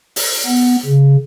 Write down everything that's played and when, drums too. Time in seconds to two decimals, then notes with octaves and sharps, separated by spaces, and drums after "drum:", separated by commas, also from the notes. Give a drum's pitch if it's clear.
0.16 drum: open hi-hat
0.46 B3
0.85 C#3